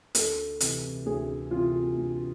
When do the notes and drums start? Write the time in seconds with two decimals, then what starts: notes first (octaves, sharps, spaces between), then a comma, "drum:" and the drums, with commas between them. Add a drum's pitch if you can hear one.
0.15 D2 A4, drum: hi-hat
0.60 C3 E3, drum: hi-hat
1.06 D2 G#4
1.51 C3 E3 F4
1.97 D2